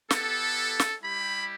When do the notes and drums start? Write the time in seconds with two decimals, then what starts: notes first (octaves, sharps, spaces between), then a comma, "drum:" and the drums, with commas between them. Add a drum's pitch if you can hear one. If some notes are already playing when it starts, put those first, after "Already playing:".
0.10 B3 E4 G4 A4, drum: snare
0.80 drum: snare
1.02 G3 E4 G4 B5